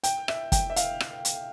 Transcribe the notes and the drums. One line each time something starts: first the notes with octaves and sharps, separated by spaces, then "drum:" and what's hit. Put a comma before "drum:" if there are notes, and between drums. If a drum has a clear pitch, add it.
G5, drum: hi-hat
E5, drum: rim click
G5, drum: kick, hi-hat
E5
F5, drum: hi-hat
drum: rim click
drum: hi-hat